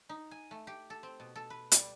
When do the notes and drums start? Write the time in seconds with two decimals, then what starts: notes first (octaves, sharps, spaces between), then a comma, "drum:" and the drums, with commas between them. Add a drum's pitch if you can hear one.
0.09 D#4
0.31 G#5
0.51 A3
0.67 G4
0.90 A4
1.03 C4
1.20 B2
1.36 A4
1.50 B4
1.72 G3, drum: hi-hat